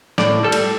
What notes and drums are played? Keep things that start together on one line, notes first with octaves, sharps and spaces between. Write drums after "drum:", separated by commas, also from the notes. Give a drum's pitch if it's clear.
A2 D5, drum: snare
G3 A4
drum: cymbal